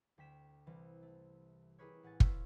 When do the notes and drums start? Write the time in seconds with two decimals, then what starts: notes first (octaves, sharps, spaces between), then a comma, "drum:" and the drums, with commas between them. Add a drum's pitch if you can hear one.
0.18 D2 G5 B6 E7
0.66 C2 E3
1.03 A3
1.79 E4 G4 G#4 A#4 B4 C#5
2.03 A1 F#5 G#5 A6
2.20 C#5 F5 C6 E6 F6 B6, drum: kick